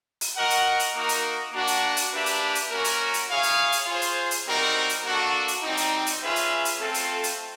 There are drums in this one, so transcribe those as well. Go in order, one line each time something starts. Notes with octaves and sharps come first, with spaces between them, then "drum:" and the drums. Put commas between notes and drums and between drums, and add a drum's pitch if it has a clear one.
drum: open hi-hat
F#4 A#4 D#5 F#5
drum: open hi-hat
drum: open hi-hat
A#3 D#4 F#4 A#4
drum: open hi-hat
A#3 D4 F#4
drum: open hi-hat
drum: open hi-hat
A#3 D4 G4 B4 E5
drum: open hi-hat
drum: open hi-hat
A#3 C#4 F#4 A#4
drum: open hi-hat
drum: open hi-hat
E4 G#4 C#5 F5
drum: open hi-hat
drum: open hi-hat
F4 G#4 C5
drum: open hi-hat
drum: open hi-hat
G3 C4 D#4 F#4 A#4
drum: open hi-hat
A#3 D4 F#4 A4
drum: open hi-hat
G3 C4 D#4
drum: open hi-hat
drum: open hi-hat
C#4 F4 G#4 B4 E5
drum: open hi-hat
drum: open hi-hat
A3 C4 F4 A4
drum: open hi-hat
drum: open hi-hat